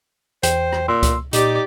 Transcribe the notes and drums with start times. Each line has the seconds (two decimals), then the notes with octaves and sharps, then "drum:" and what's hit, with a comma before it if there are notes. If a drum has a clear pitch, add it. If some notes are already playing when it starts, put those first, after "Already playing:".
0.43 E2 C5 G5, drum: hi-hat
0.72 drum: rim click
0.88 A#2 C6 E6
1.03 drum: kick C#2, hi-hat
1.33 A#2 D#4 G4 D5, drum: hi-hat